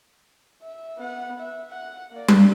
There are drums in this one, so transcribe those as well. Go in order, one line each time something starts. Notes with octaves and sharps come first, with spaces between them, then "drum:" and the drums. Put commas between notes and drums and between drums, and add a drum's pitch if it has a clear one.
E5
B3 F#5
E5
F#5
A#3 D5
drum: tom G3